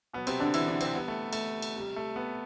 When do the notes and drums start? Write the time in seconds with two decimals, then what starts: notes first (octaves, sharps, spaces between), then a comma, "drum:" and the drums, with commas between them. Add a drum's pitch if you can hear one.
0.13 B2 F#3 B3
0.27 C3 C4, drum: cymbal
0.40 D3 D4
0.54 E3 E4, drum: cymbal
0.68 D3 D4
0.81 C3 C4, drum: cymbal
0.95 C3 G3 B3
1.08 A3
1.33 A3, drum: cymbal
1.62 drum: cymbal
1.76 C3 G3
1.96 A3
2.16 B3